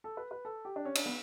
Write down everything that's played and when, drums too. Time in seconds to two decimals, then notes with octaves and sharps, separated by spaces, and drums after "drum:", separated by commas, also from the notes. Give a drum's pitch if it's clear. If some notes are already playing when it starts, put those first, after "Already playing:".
0.04 A4
0.17 B4
0.31 B4
0.45 A4
0.65 G4
0.76 D4
0.85 C#4
0.95 D4, drum: cymbal
1.06 B3